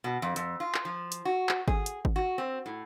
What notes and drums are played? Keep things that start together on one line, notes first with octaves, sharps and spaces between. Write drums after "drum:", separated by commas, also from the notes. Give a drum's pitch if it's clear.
B2
F2
F2, drum: hi-hat
F4
drum: clap
F3
drum: hi-hat
F#4
drum: clap
G#4, drum: kick G#1
drum: hi-hat
drum: kick G#1
F#4
C4
A2